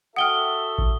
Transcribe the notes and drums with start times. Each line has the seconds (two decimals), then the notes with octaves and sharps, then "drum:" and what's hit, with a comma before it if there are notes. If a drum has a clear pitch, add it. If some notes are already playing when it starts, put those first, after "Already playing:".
0.16 F#4 A4 E5 F#5 G5 D#6 F6 G7
0.78 drum: kick